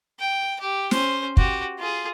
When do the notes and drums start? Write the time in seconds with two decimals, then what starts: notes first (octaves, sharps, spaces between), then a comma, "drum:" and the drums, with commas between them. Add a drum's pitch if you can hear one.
0.19 G5
0.60 G4
0.91 C#4 C5, drum: snare
1.37 F#4 G4, drum: kick
1.78 F4 G#4